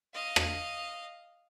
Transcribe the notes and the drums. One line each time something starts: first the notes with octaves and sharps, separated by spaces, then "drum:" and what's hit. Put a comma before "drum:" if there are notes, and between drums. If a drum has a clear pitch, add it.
D#5 F5
drum: rim click